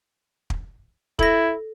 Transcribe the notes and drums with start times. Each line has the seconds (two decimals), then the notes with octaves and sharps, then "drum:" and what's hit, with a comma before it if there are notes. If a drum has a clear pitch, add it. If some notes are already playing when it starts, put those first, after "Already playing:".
0.50 drum: kick
1.19 E4 A4 A#6, drum: kick